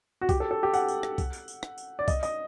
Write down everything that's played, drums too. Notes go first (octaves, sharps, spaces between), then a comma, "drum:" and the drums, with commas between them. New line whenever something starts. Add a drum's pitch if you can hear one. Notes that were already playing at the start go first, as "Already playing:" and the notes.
F#4
G4, drum: kick, tambourine
A4
A4
G4
F#5, drum: tambourine
drum: tambourine
drum: rim click
drum: kick, tambourine
drum: tambourine
drum: tambourine
drum: rim click
drum: tambourine
D5
D#5, drum: kick, tambourine
D#5, drum: tambourine